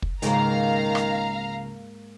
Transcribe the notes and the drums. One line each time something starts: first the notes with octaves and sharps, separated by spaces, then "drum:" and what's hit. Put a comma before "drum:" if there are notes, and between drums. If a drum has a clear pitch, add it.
drum: kick
C#2 G#2 D#3 A#3 F5 A#5, drum: hi-hat
drum: rim click